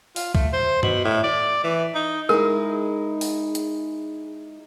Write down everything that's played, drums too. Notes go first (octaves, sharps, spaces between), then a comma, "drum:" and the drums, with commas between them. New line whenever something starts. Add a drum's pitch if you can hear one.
F4, drum: open hi-hat
A3, drum: kick C2
C5
B2, drum: tom G2
A2
D5
E3
D#4
G#3 D#4 E4 G#4 A#4
drum: open hi-hat
drum: hi-hat